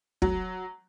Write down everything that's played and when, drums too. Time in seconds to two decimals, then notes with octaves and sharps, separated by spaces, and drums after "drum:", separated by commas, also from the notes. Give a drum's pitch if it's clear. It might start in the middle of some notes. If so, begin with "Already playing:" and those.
0.22 F#3, drum: kick